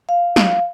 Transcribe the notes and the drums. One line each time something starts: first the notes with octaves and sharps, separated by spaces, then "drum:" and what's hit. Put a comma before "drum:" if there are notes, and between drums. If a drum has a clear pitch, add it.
F5
drum: snare